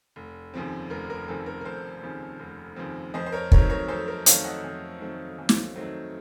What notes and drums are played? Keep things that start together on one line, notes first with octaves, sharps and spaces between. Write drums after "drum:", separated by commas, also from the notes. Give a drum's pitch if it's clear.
F1
D#2 C#3 F3 C4
F1 A#4
A#4
D#2 C#3 F3 C4 A4
A#4
A#4
F1 A4 C5
D#2 C#3 F3 C4
F1
D#2 C#3 F3 C4
F2 C5 D#5
C5
A#4 C#5
D#3 F#3 A3 C4 A#4 C#5, drum: kick
A#4 C#5
F2 A4 C5
A#4
D#3 F#3 A3 C4 C#5 F5, drum: hi-hat
D#5 F#5
F2
D#3 F#3 A3 C4
F2
drum: snare
D#3 F#3 A3 C4